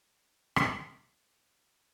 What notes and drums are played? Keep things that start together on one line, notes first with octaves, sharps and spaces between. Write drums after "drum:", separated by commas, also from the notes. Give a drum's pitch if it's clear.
A3
drum: rim click
C#5
G4
C6